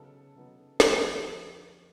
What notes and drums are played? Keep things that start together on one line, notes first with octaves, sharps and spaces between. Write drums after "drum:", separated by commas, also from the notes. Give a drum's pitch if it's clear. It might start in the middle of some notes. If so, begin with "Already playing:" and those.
Already playing: C#3 F#3 B3 D#4 A4
C#3 F#3 B3 D#4
F2 D3 F3, drum: snare